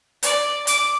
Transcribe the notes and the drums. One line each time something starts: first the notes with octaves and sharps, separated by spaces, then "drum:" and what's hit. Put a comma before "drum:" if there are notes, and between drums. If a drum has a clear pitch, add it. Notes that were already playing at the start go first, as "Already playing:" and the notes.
D5, drum: hi-hat
D6, drum: hi-hat